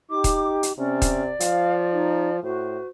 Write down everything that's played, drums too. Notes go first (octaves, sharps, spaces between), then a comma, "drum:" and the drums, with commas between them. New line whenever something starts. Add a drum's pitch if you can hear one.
D#4 G4 D6
drum: kick D#1, hi-hat
drum: hi-hat
C3 C#4 D5
drum: kick D#1, hi-hat
F3 F5, drum: hi-hat
D#4
A2 F#4 C5